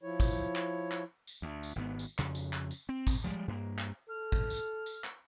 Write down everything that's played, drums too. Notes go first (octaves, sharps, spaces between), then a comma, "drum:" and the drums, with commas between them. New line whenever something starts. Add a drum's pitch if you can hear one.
F3 E4 C#5
drum: kick, tambourine
drum: clap
drum: clap
drum: tambourine
D2
drum: tambourine
G#1 G#2 B3
drum: tambourine
F2 C#3, drum: clap
drum: tambourine
drum: clap
drum: tambourine
C4
drum: kick, tambourine
F3 G3 G#3
G2 A#3
drum: clap
A4 F6
drum: kick
drum: tambourine
drum: tambourine
drum: clap